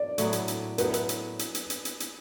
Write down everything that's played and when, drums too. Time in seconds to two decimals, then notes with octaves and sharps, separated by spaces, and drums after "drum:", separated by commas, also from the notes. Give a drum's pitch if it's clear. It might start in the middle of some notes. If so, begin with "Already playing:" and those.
Already playing: D5
0.18 A2 F#3 B3, drum: hi-hat
0.33 drum: hi-hat
0.48 drum: hi-hat
0.78 A2 F#3 B3 B4, drum: hi-hat
0.94 drum: hi-hat
1.09 drum: hi-hat
1.39 drum: hi-hat
1.55 drum: hi-hat
1.70 drum: hi-hat
1.85 drum: hi-hat
2.00 drum: hi-hat